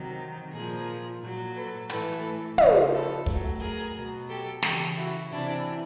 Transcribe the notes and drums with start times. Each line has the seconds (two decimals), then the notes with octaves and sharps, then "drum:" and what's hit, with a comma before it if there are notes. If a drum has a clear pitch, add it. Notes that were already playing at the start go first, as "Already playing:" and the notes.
Already playing: C3 D#3 F#3
0.52 A#2 F3 G#4 A#4
1.22 A#2 F#3
1.55 A4 B4
1.89 A2 E3 A4 B4, drum: hi-hat
2.58 C#3 F3, drum: tom
2.92 A4 B4
3.26 A2 F#3, drum: kick
3.60 G#4 A#4
3.95 B2 F#3
4.29 G4 A4
4.63 C#3 E3 G4 A4, drum: snare
4.96 E4 F#4
5.31 C3 E3 D4 E4